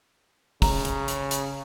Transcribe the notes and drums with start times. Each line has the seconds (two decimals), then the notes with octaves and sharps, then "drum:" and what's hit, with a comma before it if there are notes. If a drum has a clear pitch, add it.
0.62 C#3 A#5, drum: kick, open hi-hat
0.85 drum: hi-hat
1.08 drum: hi-hat
1.31 drum: hi-hat